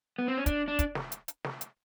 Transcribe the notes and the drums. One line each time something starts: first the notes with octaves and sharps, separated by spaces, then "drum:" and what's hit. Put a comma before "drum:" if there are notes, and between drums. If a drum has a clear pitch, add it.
B3
C4
C#4
D4, drum: kick, hi-hat
D4
drum: kick, hi-hat
drum: snare
drum: hi-hat
drum: hi-hat
drum: snare
drum: hi-hat